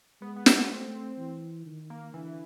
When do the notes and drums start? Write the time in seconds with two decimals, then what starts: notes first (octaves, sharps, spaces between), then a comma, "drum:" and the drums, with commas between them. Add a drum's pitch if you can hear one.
0.21 G#3 B3
0.36 B3
0.46 C4, drum: snare
0.69 A3
1.18 E3
1.66 D#3
1.90 A#3
2.14 D3 E3